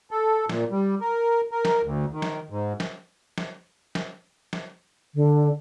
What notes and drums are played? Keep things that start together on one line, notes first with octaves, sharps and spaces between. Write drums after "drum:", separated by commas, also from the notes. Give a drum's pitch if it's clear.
A4
A#2, drum: snare
G3
A#4
A#4
drum: snare
D2
D#3
drum: snare
G#2
drum: snare
drum: snare
drum: snare
drum: snare
D3